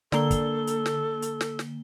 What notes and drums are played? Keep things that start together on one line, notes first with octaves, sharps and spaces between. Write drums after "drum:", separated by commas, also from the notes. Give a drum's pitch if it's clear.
D3 A#3 A4 G7, drum: snare
drum: kick, hi-hat
drum: hi-hat
drum: snare
drum: hi-hat
drum: snare
drum: snare